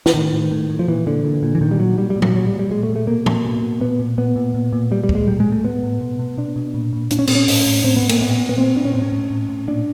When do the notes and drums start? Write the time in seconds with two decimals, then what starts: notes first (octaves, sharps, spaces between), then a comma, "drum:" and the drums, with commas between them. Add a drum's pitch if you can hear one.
0.06 E3, drum: snare
0.14 A2 D#3
0.33 A2
0.51 A2
0.70 A2
0.79 F3
0.88 A#2 E3
1.06 A#2 D3
1.25 A#2
1.43 A#2
1.55 E3
1.61 A#2 D#3
1.71 G3
1.79 A#2 F#3
1.98 A#2 G3
2.10 G3
2.16 A#2
2.22 F#3, drum: tom
2.34 A#2 F#3
2.47 G3
2.52 A#2
2.59 G3
2.71 A#2 G#3
2.83 A3
2.89 A#2
2.96 A3
3.07 B2 A#3
3.26 B2, drum: tom
3.45 B2
3.62 B2
3.81 A#2 B3
4.00 A#2
4.18 A#2 B3
4.36 A#2
4.54 A#2
4.73 A#2
4.91 A#2 G3
5.04 G3
5.09 A#2, drum: kick
5.15 G#3
5.27 A2 G3
5.40 G#3
5.46 A2
5.52 A3
5.64 A2 B3
5.83 A2
6.01 B2
6.19 B2
6.38 B2 D4
6.56 B2
6.74 A#2
6.93 A#2
7.11 A#2 D4, drum: hi-hat
7.19 C#4
7.27 A#2 C4, drum: cymbal
7.35 C#4
7.48 A2, drum: open hi-hat
7.66 A2
7.84 A2 C4
7.96 B3
8.02 A2
8.09 A#3, drum: cymbal
8.20 A#2 B3
8.39 A#2
8.49 B3
8.57 A#2 C4
8.76 A#2 D4
8.85 C#4
8.93 A2 C4
9.02 C#4
9.12 A2
9.30 A2
9.49 A2
9.68 A#2 D4